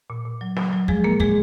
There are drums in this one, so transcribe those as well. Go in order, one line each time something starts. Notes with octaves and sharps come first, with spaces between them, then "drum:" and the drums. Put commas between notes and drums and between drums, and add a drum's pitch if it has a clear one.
A#2
A#2
F#3
F#3, drum: snare
F#3
F3 G#3 G#4, drum: kick
A#2 A#3 A#4
A#2 G#3 G#4, drum: kick